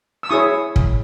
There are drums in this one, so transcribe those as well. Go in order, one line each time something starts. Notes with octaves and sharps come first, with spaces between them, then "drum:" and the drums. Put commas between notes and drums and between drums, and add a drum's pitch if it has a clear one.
E6
E4 G#4 C#5 C#6 D#6
drum: kick